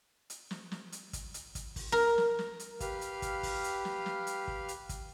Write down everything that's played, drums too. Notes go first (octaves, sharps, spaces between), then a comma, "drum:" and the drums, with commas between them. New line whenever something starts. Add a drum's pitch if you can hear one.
drum: hi-hat
drum: snare
drum: snare
drum: hi-hat
drum: kick, hi-hat
drum: hi-hat
drum: kick, hi-hat
drum: kick, open hi-hat
A#4
drum: snare
drum: snare
drum: hi-hat
G4 B4 F5 F6, drum: kick, hi-hat
drum: hi-hat
drum: kick, hi-hat
drum: kick, open hi-hat
drum: hi-hat
drum: snare
drum: snare
drum: hi-hat
drum: kick
drum: hi-hat
drum: kick, hi-hat